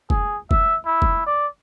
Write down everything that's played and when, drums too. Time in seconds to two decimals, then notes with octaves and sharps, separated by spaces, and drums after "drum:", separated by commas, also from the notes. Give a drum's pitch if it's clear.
0.10 G#4, drum: kick
0.51 E5, drum: kick
0.85 E4
1.02 drum: kick
1.26 D5